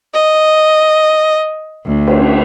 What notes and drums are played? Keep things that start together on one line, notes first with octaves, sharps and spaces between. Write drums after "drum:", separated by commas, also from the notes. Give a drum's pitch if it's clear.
D#5
D2
drum: cymbal